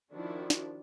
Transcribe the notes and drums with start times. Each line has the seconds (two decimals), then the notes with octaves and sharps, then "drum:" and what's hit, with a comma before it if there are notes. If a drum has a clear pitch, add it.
0.13 D#3 F3 D4 E4 F#4
0.50 drum: snare